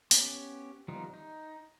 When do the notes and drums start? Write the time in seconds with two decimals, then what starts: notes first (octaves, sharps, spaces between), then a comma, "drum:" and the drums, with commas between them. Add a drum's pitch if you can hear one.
0.11 B3 C#4 G4, drum: open hi-hat
0.88 D#3 F3 G3 B3 D#4
1.14 D#4